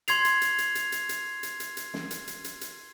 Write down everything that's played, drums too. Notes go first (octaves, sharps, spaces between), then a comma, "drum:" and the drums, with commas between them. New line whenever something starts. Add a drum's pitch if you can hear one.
C6 G#6 C7 F7, drum: hi-hat
drum: hi-hat
drum: hi-hat
drum: hi-hat
drum: hi-hat
drum: hi-hat
drum: hi-hat
drum: hi-hat
drum: hi-hat
drum: hi-hat
drum: snare
drum: hi-hat
drum: hi-hat
drum: hi-hat
drum: hi-hat